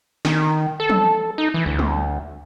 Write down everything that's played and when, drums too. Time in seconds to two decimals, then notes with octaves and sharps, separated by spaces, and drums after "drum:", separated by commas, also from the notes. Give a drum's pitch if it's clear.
0.25 D#3, drum: snare
0.80 A4
0.90 drum: tom
1.38 D#4
1.54 E3
1.66 D2
1.79 drum: tom